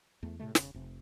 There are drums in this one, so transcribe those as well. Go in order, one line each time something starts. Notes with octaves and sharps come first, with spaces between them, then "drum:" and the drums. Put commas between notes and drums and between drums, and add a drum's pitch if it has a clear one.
E2 A3
A2 C3 D#3 A3
E1 C#3, drum: snare
F1 C3